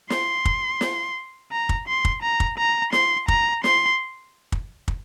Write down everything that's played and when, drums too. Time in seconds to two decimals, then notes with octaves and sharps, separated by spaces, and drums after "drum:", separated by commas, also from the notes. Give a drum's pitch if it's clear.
0.10 C6, drum: snare
0.45 drum: kick
0.81 drum: snare
1.52 A#5
1.69 drum: kick
1.88 C6
2.05 drum: kick
2.22 A#5
2.40 drum: kick
2.58 A#5
2.92 C6, drum: snare
3.28 A#5, drum: kick
3.64 C6, drum: snare
4.52 drum: kick
4.88 drum: kick